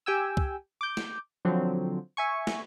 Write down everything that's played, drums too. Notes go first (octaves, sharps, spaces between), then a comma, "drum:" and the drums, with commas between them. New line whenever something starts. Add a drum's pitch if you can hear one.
G4 G5 G#5 E6
drum: kick
D6 G6
drum: snare
D3 F3 F#3 C4
E5 G#5 C#6
drum: snare